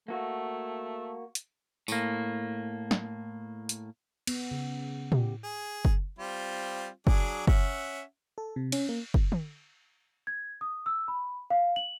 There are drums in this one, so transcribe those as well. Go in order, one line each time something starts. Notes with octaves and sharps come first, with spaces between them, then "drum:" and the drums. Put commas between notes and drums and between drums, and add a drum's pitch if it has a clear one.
A3 A#3 F#4
drum: hi-hat
A2 A#3, drum: tambourine
drum: snare
drum: hi-hat
B3, drum: cymbal
C#3
G4, drum: tom
G#4
drum: kick F#1
G3 C4 F4
F#3 D4 G#4, drum: kick F#1
C#4 E5 F#5, drum: kick F#1
A4
C3
C#4, drum: cymbal
A#3
drum: kick F#1
drum: tom
G#6
D#6
E6
B5
F5
F#7